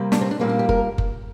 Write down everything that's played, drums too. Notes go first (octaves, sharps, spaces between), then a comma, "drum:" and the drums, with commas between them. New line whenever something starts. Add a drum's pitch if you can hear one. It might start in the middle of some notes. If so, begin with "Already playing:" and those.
Already playing: C3 G3 A#3
D4, drum: snare
C4
D4
A#2 G3 A#3 C4
D4
G4
A#4, drum: kick F#1
drum: kick F#1